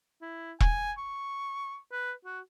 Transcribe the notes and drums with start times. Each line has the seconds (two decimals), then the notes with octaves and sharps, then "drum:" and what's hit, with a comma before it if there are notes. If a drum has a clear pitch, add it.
0.21 E4
0.60 G#5, drum: kick E1
0.98 C#6
1.92 B4
2.25 F#4